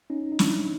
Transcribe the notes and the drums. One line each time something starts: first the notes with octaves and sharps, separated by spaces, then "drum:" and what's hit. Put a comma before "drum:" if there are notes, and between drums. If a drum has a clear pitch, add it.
C#4 D#4
D#4
D4 E4, drum: snare